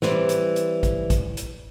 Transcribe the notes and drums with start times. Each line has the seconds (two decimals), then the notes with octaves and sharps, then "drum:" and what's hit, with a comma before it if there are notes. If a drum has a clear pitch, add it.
0.02 E3 G3 C4, drum: snare
0.29 drum: hi-hat
0.56 drum: hi-hat
0.83 drum: kick, hi-hat
1.10 drum: kick, hi-hat
1.37 drum: hi-hat